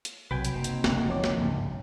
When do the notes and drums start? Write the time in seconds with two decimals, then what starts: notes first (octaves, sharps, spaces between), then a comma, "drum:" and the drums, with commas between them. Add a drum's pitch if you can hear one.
0.05 drum: hi-hat
0.31 B1 C3 F#3 F#4 B4 G5 G#5 G6
0.45 drum: hi-hat
0.54 F#1 A#3 C4 D#4
0.64 drum: hi-hat
0.84 F#1 D2, drum: snare
1.09 F3 C#5 D6
1.24 drum: snare
1.37 G#1 D2 G2 C#3
1.68 A#1